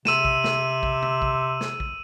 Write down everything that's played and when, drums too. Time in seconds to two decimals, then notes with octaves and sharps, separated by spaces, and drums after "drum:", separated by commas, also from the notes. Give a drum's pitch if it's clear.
0.05 C3 E6 D#7 E7, drum: snare
0.25 drum: kick
0.44 drum: snare
0.83 drum: kick
1.02 drum: tom
1.22 drum: kick
1.61 drum: snare
1.80 drum: kick